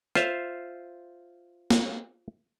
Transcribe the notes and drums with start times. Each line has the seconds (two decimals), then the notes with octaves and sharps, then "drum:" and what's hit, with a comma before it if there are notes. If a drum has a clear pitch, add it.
0.15 F4 C5 E5 F5, drum: rim click
1.70 drum: snare